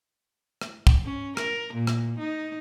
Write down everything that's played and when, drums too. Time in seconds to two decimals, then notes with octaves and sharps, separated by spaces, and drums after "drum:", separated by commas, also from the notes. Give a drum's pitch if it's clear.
0.61 drum: rim click
0.87 drum: kick
1.05 C#4
1.37 A#4, drum: rim click
1.74 A#2
1.87 drum: rim click
2.19 D#4